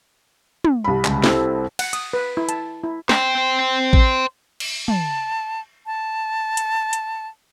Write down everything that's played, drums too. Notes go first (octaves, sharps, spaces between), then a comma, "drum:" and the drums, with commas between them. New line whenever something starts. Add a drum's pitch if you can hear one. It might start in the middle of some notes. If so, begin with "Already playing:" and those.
drum: tom
C2 B5
C#2, drum: clap
C4 E4 A4, drum: snare
F#5, drum: cymbal
D#6, drum: hi-hat
B4
E4
A5, drum: hi-hat
E4
C5 G5, drum: snare
drum: kick A1
drum: cymbal
A5, drum: tom
A5
drum: hi-hat
drum: hi-hat